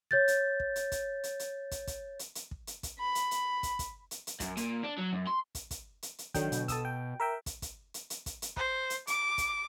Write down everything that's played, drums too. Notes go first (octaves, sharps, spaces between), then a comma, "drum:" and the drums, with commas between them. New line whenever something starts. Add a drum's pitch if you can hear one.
C#5 G6 A6
drum: hi-hat
drum: kick
drum: hi-hat
drum: kick, hi-hat
drum: hi-hat
drum: hi-hat
drum: kick, hi-hat
drum: kick, hi-hat
drum: hi-hat
drum: hi-hat
drum: kick
drum: hi-hat
drum: kick, hi-hat
B5
drum: hi-hat
drum: hi-hat
drum: kick, hi-hat
drum: kick, hi-hat
drum: hi-hat
drum: hi-hat
F#2, drum: kick, hi-hat
A#2, drum: hi-hat
D4
F#3
F#2
C6
drum: kick, hi-hat
drum: kick, hi-hat
drum: hi-hat
drum: hi-hat
D3 D#3 F#3 G5, drum: kick, hi-hat
B2, drum: hi-hat
A4 D#6 E6, drum: kick, hi-hat
G5
A#4 E5 G5
drum: kick, hi-hat
drum: kick, hi-hat
drum: hi-hat
drum: hi-hat
drum: kick, hi-hat
drum: hi-hat
C5, drum: kick
drum: hi-hat
D6, drum: hi-hat
drum: kick, hi-hat